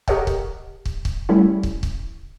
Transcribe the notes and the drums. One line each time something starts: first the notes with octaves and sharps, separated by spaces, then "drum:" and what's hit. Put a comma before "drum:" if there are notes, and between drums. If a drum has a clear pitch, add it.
G4 A4 A#4 C#5 D#5 F#5, drum: kick
drum: kick
drum: kick
drum: kick
G3 A3 C#4 E4
drum: kick
drum: kick